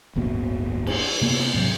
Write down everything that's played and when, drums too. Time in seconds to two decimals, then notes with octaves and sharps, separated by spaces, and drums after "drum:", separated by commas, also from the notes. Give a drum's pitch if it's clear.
0.16 D1 G1 B2 A#3
0.86 drum: cymbal
1.21 C3 A#3 B3
1.39 drum: snare
1.55 G#2 C3 F#3